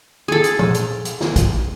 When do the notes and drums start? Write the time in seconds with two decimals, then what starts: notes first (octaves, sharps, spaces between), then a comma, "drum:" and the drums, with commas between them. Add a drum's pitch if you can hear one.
0.28 G#4 A4
0.44 drum: hi-hat
0.59 drum: tom
0.74 drum: hi-hat
1.05 drum: hi-hat
1.21 drum: snare
1.36 drum: kick, hi-hat